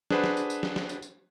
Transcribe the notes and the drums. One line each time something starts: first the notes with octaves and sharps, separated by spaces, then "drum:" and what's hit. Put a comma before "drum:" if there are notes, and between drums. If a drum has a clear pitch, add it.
D4 G#4 B4 C5 F#5 B5, drum: snare
drum: snare
drum: tambourine
drum: tambourine
drum: snare
drum: snare
drum: tambourine
drum: tambourine